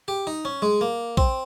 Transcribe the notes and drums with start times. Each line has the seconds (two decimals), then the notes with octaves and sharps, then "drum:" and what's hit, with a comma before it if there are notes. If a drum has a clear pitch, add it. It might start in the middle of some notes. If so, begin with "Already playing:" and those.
0.08 G4
0.27 D#4
0.45 C#4
0.62 G#3
0.81 A#3
1.17 C4, drum: kick A#1